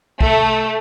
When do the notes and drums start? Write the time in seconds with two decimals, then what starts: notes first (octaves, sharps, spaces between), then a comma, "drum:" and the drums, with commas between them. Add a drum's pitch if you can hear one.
0.21 A3, drum: kick